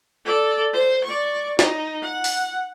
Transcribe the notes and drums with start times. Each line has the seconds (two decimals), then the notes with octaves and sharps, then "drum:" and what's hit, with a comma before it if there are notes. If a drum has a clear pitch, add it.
0.25 A4 D5
0.73 C5
1.04 D5 C#6
1.59 D#4, drum: snare
2.02 F#5
2.24 drum: open hi-hat